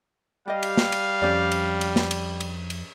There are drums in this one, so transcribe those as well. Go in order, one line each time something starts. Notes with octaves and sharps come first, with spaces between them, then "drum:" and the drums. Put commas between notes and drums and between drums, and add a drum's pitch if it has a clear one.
G3 G4 D#5 F5
drum: cymbal
drum: snare
drum: cymbal
F2 C#4 G4 D5
drum: cymbal
drum: cymbal
drum: snare
drum: cymbal
drum: cymbal
drum: cymbal